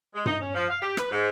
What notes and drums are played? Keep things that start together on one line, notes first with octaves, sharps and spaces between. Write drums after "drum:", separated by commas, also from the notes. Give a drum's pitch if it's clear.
G#3
D#4, drum: tom G2
C#4
F3
F5
G4
B4, drum: rim click
G#2